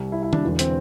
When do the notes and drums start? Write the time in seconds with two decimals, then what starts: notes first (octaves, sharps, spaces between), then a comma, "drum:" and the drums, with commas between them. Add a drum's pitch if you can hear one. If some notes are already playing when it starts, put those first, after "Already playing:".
Already playing: C2 C3 G3
0.12 E4
0.23 E4
0.33 D4, drum: tom D#3
0.43 E1 E2 D3
0.59 C4, drum: hi-hat